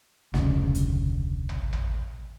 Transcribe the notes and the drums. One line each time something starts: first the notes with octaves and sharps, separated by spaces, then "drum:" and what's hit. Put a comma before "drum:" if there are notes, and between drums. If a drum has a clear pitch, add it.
F1 D2 C#3, drum: snare
drum: hi-hat
drum: tom
drum: tom